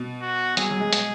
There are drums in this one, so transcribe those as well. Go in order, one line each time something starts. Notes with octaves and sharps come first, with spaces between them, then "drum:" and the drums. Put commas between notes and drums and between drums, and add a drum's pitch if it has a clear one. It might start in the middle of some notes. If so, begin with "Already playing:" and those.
Already playing: B2
F#4
F#3 G#4, drum: hi-hat
F#3
G#3
drum: hi-hat